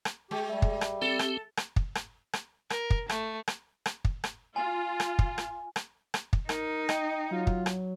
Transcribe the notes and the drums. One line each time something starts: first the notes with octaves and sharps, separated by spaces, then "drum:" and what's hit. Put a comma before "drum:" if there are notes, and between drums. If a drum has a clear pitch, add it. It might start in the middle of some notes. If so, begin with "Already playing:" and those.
drum: rim click
G#3 G4
G3 E5
drum: kick
drum: rim click
C4 G4 A4
drum: rim click
drum: rim click
drum: kick
drum: rim click
drum: rim click
A#4, drum: rim click
drum: kick
A3, drum: rim click
drum: rim click
drum: rim click
drum: kick
drum: rim click
F4 G#5
drum: rim click
drum: kick
drum: rim click
drum: rim click
drum: rim click
drum: kick
D#4 A#4, drum: rim click
D#5 G5, drum: rim click
F#3 F4
drum: kick
drum: rim click